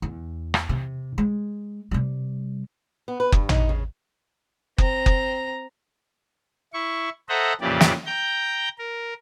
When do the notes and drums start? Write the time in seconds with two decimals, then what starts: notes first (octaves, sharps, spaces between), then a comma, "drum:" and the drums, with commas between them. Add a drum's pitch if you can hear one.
0.02 E2
0.54 drum: rim click
0.69 C3
1.18 G#3
1.91 C3 G3
3.08 B3
3.20 B4
3.32 G2, drum: kick F#1
3.49 D#4, drum: tom A1
3.69 C#3
4.78 C4 A#5, drum: kick F#1
5.06 drum: kick F#1
6.74 E4 C#6
7.29 A4 C5 D#5 E5 F#5 A#5
7.61 F2 A#2 C#3 E3 G4 D5
7.81 drum: snare
8.06 G5 A#5 G6
8.79 A#4